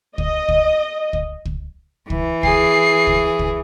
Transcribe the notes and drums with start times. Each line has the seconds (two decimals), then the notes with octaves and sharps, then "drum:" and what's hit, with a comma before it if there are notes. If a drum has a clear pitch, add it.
0.18 D#5, drum: kick
0.49 drum: kick
1.13 drum: kick
1.45 drum: kick
2.10 E3, drum: kick
2.43 G#4 C7, drum: kick
3.07 drum: kick
3.39 drum: kick